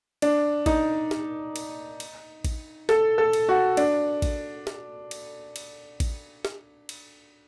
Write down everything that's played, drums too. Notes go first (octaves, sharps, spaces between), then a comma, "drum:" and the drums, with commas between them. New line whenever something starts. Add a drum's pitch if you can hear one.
D4, drum: cymbal
D#4, drum: kick A1, cymbal
drum: snare
drum: cymbal
drum: cymbal
drum: kick A1, cymbal
A4, drum: snare
A4
drum: cymbal
F#4
D4, drum: cymbal
drum: kick A1, cymbal
drum: snare
drum: cymbal
drum: cymbal
drum: kick A1, cymbal
drum: snare
drum: cymbal